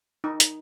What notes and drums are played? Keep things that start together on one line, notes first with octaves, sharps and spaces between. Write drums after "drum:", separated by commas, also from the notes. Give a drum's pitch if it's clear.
D#4
drum: hi-hat